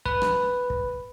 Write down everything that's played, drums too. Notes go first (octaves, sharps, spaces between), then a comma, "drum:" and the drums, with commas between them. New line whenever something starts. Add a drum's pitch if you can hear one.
B4, drum: kick
drum: rim click
drum: kick